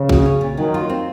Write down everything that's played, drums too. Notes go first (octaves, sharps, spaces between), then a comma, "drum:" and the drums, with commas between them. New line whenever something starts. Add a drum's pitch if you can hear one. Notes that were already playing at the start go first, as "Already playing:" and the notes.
Already playing: C#3
F#4, drum: kick A#1
C#4
A#2
D#3 F#3
F4
C4